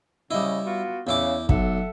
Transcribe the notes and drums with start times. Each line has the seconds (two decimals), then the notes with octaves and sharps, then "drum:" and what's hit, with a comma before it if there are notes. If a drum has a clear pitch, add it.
0.31 C#3 G3 E4 D#5
0.65 B3 F4 F#4
1.07 E2 C#3 E4 D6
1.49 B1 A4 E5 F#5, drum: kick